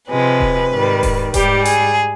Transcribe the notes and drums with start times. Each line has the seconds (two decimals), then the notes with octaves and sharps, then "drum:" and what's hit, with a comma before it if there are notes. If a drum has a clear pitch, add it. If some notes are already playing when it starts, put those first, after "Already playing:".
0.09 C3 F3 G#3 B4
0.40 drum: kick D#1
0.72 G#2 D#3 G3
1.03 drum: kick D#1, open hi-hat
1.34 G#2 G3 G4, drum: kick D#1, hi-hat
1.65 G#4, drum: hi-hat